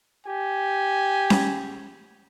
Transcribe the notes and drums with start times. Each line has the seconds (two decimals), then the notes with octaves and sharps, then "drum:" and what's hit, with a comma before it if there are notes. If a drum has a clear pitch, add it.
0.24 G4 G#5
1.30 drum: snare C#4